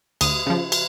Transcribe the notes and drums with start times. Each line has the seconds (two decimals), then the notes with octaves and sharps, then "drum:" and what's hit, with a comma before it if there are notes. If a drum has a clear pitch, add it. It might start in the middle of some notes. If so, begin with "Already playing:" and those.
0.21 D2 D#6, drum: cymbal
0.47 C#3 F3
0.72 drum: cymbal